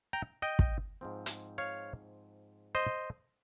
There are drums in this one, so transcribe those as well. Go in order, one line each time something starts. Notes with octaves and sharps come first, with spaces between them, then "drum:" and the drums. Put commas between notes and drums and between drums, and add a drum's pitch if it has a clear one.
G5 A#5
D#5 G5
drum: kick
G#2 F3 C4
drum: hi-hat
C#5 F5
C5 D#5